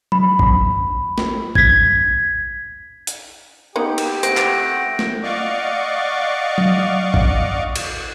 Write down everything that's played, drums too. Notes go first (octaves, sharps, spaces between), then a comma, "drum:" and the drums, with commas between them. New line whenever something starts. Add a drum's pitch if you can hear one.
B5, drum: tom F#3
drum: kick
drum: snare
G#6 B6, drum: kick
drum: hi-hat
A#3 B3 D#4 G4
drum: cymbal
A3 C4 C5 F#5 G6 A#6 D7, drum: hi-hat
drum: clap
drum: snare
D5 D#5 F5 F#5 C#6 D6
drum: tom F#3
drum: kick
drum: cymbal